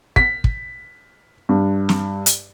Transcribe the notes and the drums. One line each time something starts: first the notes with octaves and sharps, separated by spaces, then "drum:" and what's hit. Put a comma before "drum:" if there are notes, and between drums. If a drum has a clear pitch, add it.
B6, drum: kick
drum: kick
G2
drum: snare
drum: hi-hat